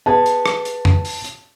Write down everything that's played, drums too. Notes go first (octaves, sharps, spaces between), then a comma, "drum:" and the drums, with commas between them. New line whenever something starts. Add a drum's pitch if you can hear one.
B3 G#4 A5
drum: hi-hat
drum: rim click
drum: hi-hat
drum: tom F2
drum: open hi-hat
drum: hi-hat